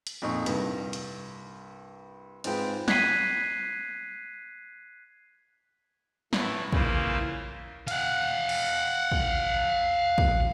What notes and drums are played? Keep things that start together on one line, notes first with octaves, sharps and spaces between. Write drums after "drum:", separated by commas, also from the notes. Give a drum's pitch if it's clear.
drum: hi-hat
F2 A#2 D#4 C#6
C2 G2, drum: hi-hat
drum: hi-hat
G#2 C4 F4 G#4 B4 G5, drum: cymbal
F#6 G#6 B6 C7 D#7, drum: snare
A2 E3, drum: snare
C#3 E3 A#3 E4 F4 C5, drum: kick
F5 F#5, drum: cymbal
drum: cymbal
drum: kick
drum: kick